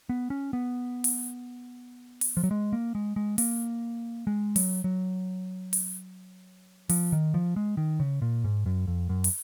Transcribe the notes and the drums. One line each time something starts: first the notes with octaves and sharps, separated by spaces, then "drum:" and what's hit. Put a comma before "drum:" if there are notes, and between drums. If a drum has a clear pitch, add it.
B3
C#4
B3
drum: open hi-hat
drum: open hi-hat
F3
F#3
G#3
A#3
G#3
G#3
A#3, drum: open hi-hat
G#3
F#3, drum: open hi-hat
F#3
drum: open hi-hat
F3, drum: open hi-hat
D#3
F3
G#3
D#3
C#3
A#2
G#2
F#2
F2
F#2
drum: open hi-hat